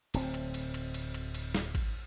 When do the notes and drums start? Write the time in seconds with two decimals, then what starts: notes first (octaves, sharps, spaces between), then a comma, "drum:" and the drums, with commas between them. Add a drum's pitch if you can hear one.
0.14 D1 C4, drum: cymbal
0.34 drum: cymbal
0.54 drum: cymbal
0.74 drum: cymbal
0.94 drum: cymbal
1.14 drum: cymbal
1.34 drum: cymbal
1.55 drum: snare
1.75 drum: kick G#1, cymbal